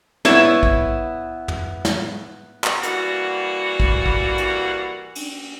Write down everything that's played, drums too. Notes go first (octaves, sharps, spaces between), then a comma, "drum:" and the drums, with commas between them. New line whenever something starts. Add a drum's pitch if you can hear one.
B3 E4 C#5, drum: snare
drum: kick
drum: tom
drum: snare
drum: clap
E3 G3 A#3 F#4, drum: hi-hat
drum: kick
drum: kick
drum: hi-hat
drum: cymbal